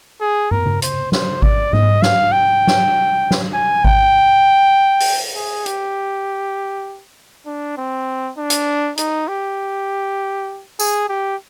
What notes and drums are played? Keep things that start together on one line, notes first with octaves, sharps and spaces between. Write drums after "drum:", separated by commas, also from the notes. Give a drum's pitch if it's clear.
G#4
A#4, drum: tom
drum: tom
C5, drum: hi-hat
C5, drum: snare
D5, drum: kick G#1
D#5, drum: tom G#2
F5, drum: snare
G5
drum: snare
drum: snare
G#5
G5, drum: kick G#1
drum: open hi-hat
G#4
G4, drum: hi-hat
D4
C4
D4
drum: hi-hat
D#4, drum: hi-hat
G4
G#4, drum: tambourine
G4